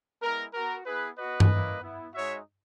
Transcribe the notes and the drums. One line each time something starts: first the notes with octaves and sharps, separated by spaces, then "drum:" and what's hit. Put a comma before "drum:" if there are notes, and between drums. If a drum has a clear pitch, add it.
G#3 B3 E4 A#4
B3 F#4 A#4
B3 E4 G#4 B4
B3 F#4 B4 D#5
drum: tom G2
A#3 C#4 E4
B3 E4
G#3 D#4 F#4 C#5 E5